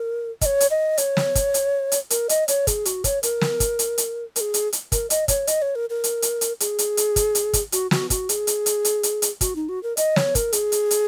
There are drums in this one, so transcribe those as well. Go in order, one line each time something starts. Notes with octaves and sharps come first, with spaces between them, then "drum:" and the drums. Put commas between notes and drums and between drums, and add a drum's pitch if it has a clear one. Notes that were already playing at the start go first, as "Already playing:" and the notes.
Already playing: A#4
D#5, drum: kick, hi-hat
C#5
drum: hi-hat
D#5
C#5, drum: hi-hat
drum: snare
drum: kick, hi-hat
drum: hi-hat
drum: hi-hat
A#4, drum: hi-hat
D#5, drum: hi-hat
C#5, drum: hi-hat
G#4, drum: kick, hi-hat
F#4, drum: hi-hat
C#5, drum: kick, hi-hat
A#4, drum: hi-hat
drum: snare
drum: kick, hi-hat
drum: hi-hat
drum: hi-hat
A#4, drum: hi-hat
G#4
drum: hi-hat
drum: hi-hat
A#4, drum: kick, hi-hat
D#5, drum: hi-hat
C#5, drum: kick, hi-hat
D#5, drum: hi-hat
C#5
A#4
A#4
drum: hi-hat
drum: hi-hat
drum: hi-hat
G#4, drum: hi-hat
drum: hi-hat
drum: hi-hat
drum: kick, hi-hat
drum: hi-hat
drum: kick, hi-hat
F#4, drum: hi-hat
F#4, drum: snare
F#4, drum: kick, hi-hat
G#4, drum: hi-hat
drum: hi-hat
drum: hi-hat
drum: hi-hat
drum: hi-hat
drum: hi-hat
F#4, drum: kick, hi-hat
D#4
F#4
A#4
D#5, drum: hi-hat
C#5, drum: snare
A#4, drum: kick, hi-hat
G#4, drum: hi-hat
drum: hi-hat
drum: hi-hat